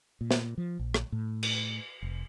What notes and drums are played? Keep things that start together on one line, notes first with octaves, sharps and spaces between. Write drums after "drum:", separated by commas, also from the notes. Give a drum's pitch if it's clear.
A#2
drum: snare
F3
A#1
drum: rim click
A2
drum: cymbal
F1